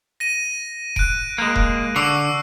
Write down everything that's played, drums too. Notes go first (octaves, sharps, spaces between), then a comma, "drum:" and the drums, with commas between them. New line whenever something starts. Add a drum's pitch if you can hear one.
A#6 D#7
F#6 D7, drum: kick E1
G#3 A#3
drum: kick E1
D3 C#6 E6 C7